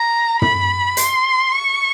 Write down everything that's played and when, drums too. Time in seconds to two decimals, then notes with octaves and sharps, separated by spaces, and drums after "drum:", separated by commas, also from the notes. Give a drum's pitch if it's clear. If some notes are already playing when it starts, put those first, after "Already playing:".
Already playing: A#5
0.42 B5, drum: tom
0.97 C6, drum: hi-hat
1.52 C#6